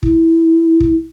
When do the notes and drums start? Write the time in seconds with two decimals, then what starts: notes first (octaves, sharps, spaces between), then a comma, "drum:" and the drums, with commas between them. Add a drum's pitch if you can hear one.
0.03 E4, drum: kick
0.80 drum: kick